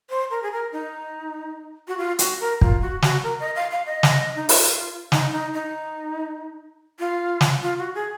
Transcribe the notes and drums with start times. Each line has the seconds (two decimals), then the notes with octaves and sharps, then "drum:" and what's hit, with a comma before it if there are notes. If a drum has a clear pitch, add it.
0.10 C5
0.30 A#4
0.43 G#4
0.52 A#4
0.72 D#4
1.88 F#4
1.98 F4
2.19 F#4, drum: hi-hat
2.40 A#4
2.61 F4, drum: kick
2.81 F#4
3.02 F#4, drum: snare
3.23 A#4
3.39 D#5
3.56 F5
3.71 F5
3.86 D#5
4.03 drum: snare
4.35 D#4
4.49 F#4, drum: open hi-hat
4.52 F4
5.12 D#4, drum: snare
5.32 D#4
5.53 D#4
7.00 F4
7.41 drum: snare
7.63 F4
7.79 F#4
7.95 G#4